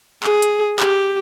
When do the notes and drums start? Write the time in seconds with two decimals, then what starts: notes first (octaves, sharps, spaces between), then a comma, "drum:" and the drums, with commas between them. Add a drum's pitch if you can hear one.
0.24 G#4, drum: clap
0.42 drum: hi-hat
0.80 G4, drum: clap